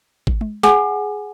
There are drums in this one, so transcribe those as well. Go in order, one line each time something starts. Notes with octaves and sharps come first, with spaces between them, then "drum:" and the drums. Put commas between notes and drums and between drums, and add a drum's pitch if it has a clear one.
drum: kick G#1
drum: tom G#3
G#4 F#5 G#5, drum: snare